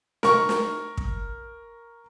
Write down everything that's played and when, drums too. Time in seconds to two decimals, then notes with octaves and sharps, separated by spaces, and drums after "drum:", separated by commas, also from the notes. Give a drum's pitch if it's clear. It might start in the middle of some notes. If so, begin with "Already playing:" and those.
0.23 A#4 C#6, drum: snare
0.49 drum: snare
0.97 drum: kick